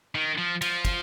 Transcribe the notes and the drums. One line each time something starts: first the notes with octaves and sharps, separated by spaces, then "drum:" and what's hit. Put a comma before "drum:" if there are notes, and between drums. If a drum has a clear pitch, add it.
D#3
F3
F3, drum: cymbal
drum: kick, cymbal